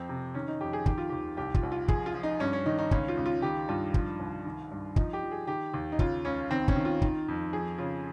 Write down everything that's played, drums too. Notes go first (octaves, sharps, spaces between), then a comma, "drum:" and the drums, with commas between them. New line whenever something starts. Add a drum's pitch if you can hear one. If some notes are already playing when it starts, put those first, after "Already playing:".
Already playing: F2 C4
C3
D#3 C#4
D#4
F2 G4
G#4
D#3 G4, drum: kick
F4
D#2 G4
C2 G4
F4, drum: kick
C2
F4
F3 G#4, drum: kick
F4
F3
D#4
G2 C#4
C#4
D#3 D#4
D#4
C#2 C#4, drum: kick
F4
C#2
F4
D#3 G4
G2 F4
F3, drum: kick
C2
D#3
G2
F3 D#4, drum: kick
G4
F3
G#4
D#3 G4
D#2
D#4
C#3 F4, drum: kick
C#2 C#4
D#3 C4
C#4, drum: kick
D#3
F4
D#3, drum: kick
F2
F3 G#4
C#3 F4